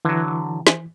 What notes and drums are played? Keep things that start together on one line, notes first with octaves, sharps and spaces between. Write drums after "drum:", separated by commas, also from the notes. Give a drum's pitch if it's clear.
D3 E3 F#3
drum: snare